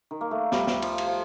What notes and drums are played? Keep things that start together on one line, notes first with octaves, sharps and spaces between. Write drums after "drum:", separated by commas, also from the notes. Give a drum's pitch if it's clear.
D#3
A#3
A3
G3, drum: snare
drum: snare
F3, drum: cymbal
drum: cymbal
F3